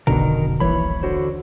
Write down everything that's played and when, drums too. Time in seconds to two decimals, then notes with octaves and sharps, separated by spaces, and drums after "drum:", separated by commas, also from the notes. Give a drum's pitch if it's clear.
0.07 F1 B2 D3 D#3 A#4, drum: kick
0.60 D#1 A#1 E3 C#5 B5
1.03 D3 F#4 C5